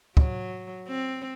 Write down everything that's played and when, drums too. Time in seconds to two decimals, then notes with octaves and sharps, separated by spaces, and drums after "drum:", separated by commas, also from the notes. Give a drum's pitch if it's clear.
0.17 F#3, drum: kick
0.88 C4